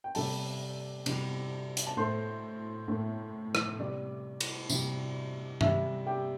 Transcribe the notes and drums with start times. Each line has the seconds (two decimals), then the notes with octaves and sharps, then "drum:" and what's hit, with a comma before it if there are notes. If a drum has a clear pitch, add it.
0.04 G5
0.15 C3 G3 A4 A5, drum: open hi-hat
1.06 C3 G3, drum: cymbal
1.77 drum: hi-hat
1.87 A5
1.97 A2 A3 C5 C6
2.88 A2 A3
3.55 drum: rim click
3.79 C3 G3 D5
4.40 drum: cymbal
4.69 C3 G3, drum: tambourine
5.61 C3 G3 E5, drum: tom G2
6.06 G4 G5